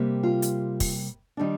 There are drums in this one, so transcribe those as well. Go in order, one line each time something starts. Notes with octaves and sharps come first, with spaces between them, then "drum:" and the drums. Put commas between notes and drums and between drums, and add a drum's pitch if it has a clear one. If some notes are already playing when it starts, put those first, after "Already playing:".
Already playing: C3 G3 A#3
F4
drum: hi-hat
drum: kick, open hi-hat
D#3 G3 D4